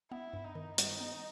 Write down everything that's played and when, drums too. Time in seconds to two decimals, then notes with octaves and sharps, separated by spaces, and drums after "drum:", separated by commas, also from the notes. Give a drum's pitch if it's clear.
0.11 B3 E4
0.33 G2
0.44 D#4
0.55 D#3
0.78 G3 D#4, drum: hi-hat
1.00 B3